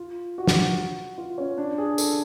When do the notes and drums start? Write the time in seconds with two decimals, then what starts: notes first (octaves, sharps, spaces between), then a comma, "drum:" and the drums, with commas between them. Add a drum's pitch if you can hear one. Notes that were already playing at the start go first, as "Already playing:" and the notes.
Already playing: F4
0.38 F#4
0.48 drum: snare
1.18 F4
1.38 C#4
1.58 D4
1.78 G#4
1.98 A4, drum: tambourine